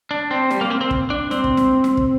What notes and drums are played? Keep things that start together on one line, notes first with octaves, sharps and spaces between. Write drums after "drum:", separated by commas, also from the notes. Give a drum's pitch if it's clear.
D4
C4
G3, drum: snare
A#3
C4
C4
drum: kick
D4
C4, drum: snare
drum: kick
drum: snare
drum: snare
drum: kick